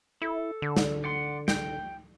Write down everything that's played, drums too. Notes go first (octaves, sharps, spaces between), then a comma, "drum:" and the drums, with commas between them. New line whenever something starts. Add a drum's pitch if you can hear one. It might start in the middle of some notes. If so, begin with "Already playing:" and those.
E4 A4
D3
drum: snare
D5 F#5 C6
G5 G6, drum: snare